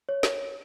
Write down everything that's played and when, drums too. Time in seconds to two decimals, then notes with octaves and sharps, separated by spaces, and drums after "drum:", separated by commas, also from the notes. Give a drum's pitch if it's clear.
0.09 C#5
0.23 drum: snare